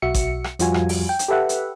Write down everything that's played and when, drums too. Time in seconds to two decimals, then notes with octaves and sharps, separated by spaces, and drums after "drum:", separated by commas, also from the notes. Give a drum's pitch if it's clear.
0.02 B1 F#4 E5 C#7
0.14 drum: kick G#1, hi-hat
0.44 drum: rim click
0.59 F2 F3 G3 F4 F#4 G#5, drum: hi-hat
0.74 drum: rim click
0.89 drum: open hi-hat
1.09 G5
1.19 drum: hi-hat
1.28 G4 A4 B4 E5 F#5
1.49 drum: hi-hat